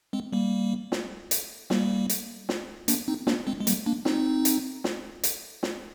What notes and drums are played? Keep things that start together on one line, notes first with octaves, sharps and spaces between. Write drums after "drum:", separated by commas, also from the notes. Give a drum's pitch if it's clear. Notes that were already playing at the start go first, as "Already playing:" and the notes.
G#3 C4
G3 A#3
drum: snare
drum: hi-hat
G3 A#3, drum: snare
drum: hi-hat
drum: snare
A#3 D4, drum: hi-hat
C4 D#4
A#3 D4, drum: snare
G#3 C4
G#3
G3 A#3, drum: hi-hat
A#3 D4
C4 D#4, drum: snare
drum: hi-hat
drum: snare
drum: hi-hat
drum: snare